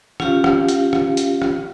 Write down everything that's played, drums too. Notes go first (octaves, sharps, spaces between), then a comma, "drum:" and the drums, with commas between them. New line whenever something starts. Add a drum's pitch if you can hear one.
C#4 F4 G4 F5, drum: rim click
drum: rim click
drum: hi-hat
drum: rim click
drum: hi-hat
drum: rim click